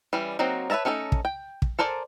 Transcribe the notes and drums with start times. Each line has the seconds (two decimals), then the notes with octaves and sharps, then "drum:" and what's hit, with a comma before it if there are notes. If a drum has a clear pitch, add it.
0.13 E3 G3 C#4
0.39 F#3 A#3 C4 D#4 F#4
0.70 B4 C#5 E5 A5 A#5
0.85 A3 C#4 D#4 G#4 A4
1.12 drum: kick
1.25 G5
1.62 drum: kick
1.79 A4 A#4 C5 D5 G#5